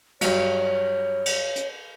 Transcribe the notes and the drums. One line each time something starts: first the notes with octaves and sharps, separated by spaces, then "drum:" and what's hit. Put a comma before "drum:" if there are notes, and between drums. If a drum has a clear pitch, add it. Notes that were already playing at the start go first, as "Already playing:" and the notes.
G2 F#3 C#5, drum: cymbal
drum: cymbal
drum: hi-hat